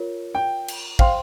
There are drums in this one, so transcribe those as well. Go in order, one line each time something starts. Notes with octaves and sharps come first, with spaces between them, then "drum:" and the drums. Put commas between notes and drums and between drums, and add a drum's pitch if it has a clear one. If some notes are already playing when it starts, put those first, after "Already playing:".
Already playing: F4 A#4 C#5
G5
drum: cymbal
C5 F5 G5 C6, drum: kick